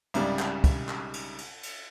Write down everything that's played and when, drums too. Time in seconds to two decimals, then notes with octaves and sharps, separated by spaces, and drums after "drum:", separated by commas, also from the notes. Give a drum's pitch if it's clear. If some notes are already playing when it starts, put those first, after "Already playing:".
0.14 C2 G#2 C#3 G3 D5, drum: cymbal
0.39 drum: clap
0.64 drum: kick, cymbal
0.89 drum: clap
1.13 drum: cymbal
1.38 drum: cymbal
1.63 drum: cymbal